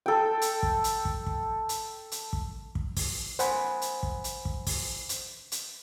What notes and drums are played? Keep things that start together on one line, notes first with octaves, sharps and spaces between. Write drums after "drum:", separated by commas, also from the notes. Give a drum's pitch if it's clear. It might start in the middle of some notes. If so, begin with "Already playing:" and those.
A4 G5
drum: hi-hat
drum: kick
drum: hi-hat
drum: kick
drum: kick
drum: hi-hat
drum: hi-hat
drum: kick
drum: kick
drum: kick, open hi-hat
C5 F#5 G#5 B5, drum: hi-hat
drum: hi-hat
drum: kick
drum: hi-hat
drum: kick
drum: kick, open hi-hat
drum: hi-hat
drum: hi-hat